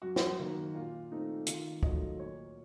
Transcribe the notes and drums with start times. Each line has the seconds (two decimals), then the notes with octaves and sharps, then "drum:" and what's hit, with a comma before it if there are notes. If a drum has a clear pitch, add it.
0.02 F#2 F#4
0.16 drum: snare
0.39 D#3 A#3
0.75 A#2 F4
1.11 A3 C4 D#4
1.47 D#3 F4, drum: hi-hat
1.83 F#3 A3 D#5, drum: kick
2.19 A#2 C#5